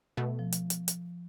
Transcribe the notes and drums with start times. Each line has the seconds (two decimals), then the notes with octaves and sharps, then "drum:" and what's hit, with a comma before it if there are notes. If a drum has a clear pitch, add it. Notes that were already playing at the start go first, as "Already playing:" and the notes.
0.17 B2 A3 B3
0.39 F3
0.52 drum: hi-hat
0.70 drum: hi-hat
0.88 drum: hi-hat